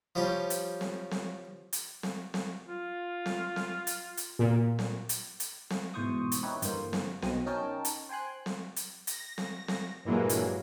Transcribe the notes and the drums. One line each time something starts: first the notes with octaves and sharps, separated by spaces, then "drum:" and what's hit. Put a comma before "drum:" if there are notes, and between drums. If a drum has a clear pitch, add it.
F3 G3 C#4 G4
drum: hi-hat
drum: snare C4
drum: snare C4
drum: hi-hat
drum: snare C4
drum: snare C4
F4
drum: snare C4
drum: snare C4
drum: hi-hat
drum: hi-hat
A#2
drum: snare C4
drum: hi-hat
drum: hi-hat
drum: snare C4
G#2 B2 E3 C5 C#6 D#6
drum: hi-hat
C4 D#4 E4 G4 B4 C#5
G2 D3 E3 A#3 C5, drum: hi-hat
drum: snare C4
B1 B2 C4 D#5 D#6, drum: snare C4
C#4 D#4 A#4 C#5 G5 A5
drum: hi-hat
C5 G5 G#5 C6 F#6
drum: snare C4
drum: hi-hat
A#6, drum: hi-hat
drum: snare C4
drum: snare C4
G2 A#2 E3 F#3 G#3 A#3
drum: hi-hat